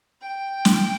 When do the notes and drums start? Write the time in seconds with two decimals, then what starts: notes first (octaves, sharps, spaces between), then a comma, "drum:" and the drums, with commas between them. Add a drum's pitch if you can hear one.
0.20 G5
0.65 drum: snare